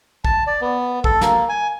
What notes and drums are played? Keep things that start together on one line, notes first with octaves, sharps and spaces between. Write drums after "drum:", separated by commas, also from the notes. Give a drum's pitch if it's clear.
A5, drum: kick
D5
B3
A4, drum: kick
A#3, drum: snare
G#5